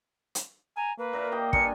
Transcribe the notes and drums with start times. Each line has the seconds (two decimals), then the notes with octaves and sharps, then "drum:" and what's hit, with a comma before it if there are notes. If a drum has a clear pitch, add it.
0.35 drum: hi-hat
0.77 G#5 A#5
0.98 A#3 B4
1.13 A#2 A#4 E5
1.32 G4 D#5
1.53 G2 D4 A#4 G#5 C#7, drum: kick